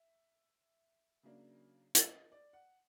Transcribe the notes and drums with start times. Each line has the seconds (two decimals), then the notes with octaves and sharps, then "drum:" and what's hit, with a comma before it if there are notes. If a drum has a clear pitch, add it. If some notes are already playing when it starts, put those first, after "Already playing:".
Already playing: E5
1.23 C#3 F#3 A#3 D4
1.95 drum: hi-hat
2.09 D#5
2.32 D5
2.53 F#5